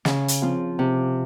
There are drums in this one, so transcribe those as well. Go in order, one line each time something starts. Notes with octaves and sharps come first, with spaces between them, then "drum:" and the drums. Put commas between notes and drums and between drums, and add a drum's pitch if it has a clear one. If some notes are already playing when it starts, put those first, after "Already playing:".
C#3, drum: snare
drum: hi-hat
F3 C4 F4
C3